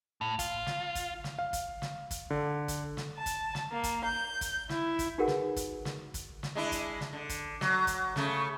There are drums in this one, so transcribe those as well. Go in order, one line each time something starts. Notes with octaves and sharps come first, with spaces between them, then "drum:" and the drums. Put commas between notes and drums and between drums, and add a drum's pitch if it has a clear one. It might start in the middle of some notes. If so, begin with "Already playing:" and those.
A2
F4, drum: kick, hi-hat
drum: snare
drum: kick, hi-hat
drum: snare
F5
drum: kick, hi-hat
drum: snare
drum: kick, hi-hat
D3
drum: kick, hi-hat
drum: snare
A5
drum: kick, hi-hat
drum: snare
A#3
drum: kick, hi-hat
G6
drum: kick, hi-hat
E4, drum: snare
drum: kick, hi-hat
D#4 F#4 G#4 A#4 B4 F#5
drum: snare
drum: kick, hi-hat
drum: snare
drum: kick, hi-hat
drum: snare
G#3 D4 E4
drum: kick, hi-hat
drum: snare
D3
drum: kick, hi-hat
F#3, drum: snare
drum: kick, hi-hat
C#3 A3, drum: snare